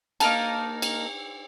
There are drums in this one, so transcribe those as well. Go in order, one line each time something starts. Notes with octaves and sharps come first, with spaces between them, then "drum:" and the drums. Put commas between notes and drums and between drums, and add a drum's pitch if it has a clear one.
A#3 D#4 A#4 A5, drum: cymbal
drum: cymbal